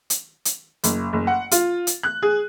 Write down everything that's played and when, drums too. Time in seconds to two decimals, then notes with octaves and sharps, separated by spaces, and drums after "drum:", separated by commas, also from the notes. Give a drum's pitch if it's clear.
0.10 drum: hi-hat
0.45 drum: hi-hat
0.84 F#1, drum: hi-hat
1.13 F#1
1.27 F#5
1.51 F4, drum: hi-hat
1.87 drum: hi-hat
2.03 F#6
2.22 G#4